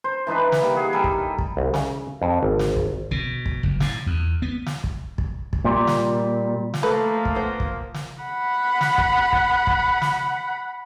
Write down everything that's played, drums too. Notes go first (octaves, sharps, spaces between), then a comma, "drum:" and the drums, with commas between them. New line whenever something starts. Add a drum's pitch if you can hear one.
C5
E3 D4 D#4 B4
drum: snare
G3 A#3
G#4 F#5
G3 D#4 A4 G#5
drum: kick
drum: kick
C2
C#3, drum: snare
F2
G#1
drum: snare
drum: kick
B2, drum: kick
drum: kick
F#1
A2, drum: snare
E2
B3
drum: snare
drum: kick
drum: kick
drum: kick
A#2 G3
drum: snare
drum: snare
F3 A3 A#3 A4 B4
drum: kick
B3 C5
drum: kick
drum: snare
F#5 B5
drum: snare
drum: kick
drum: kick
drum: kick
drum: snare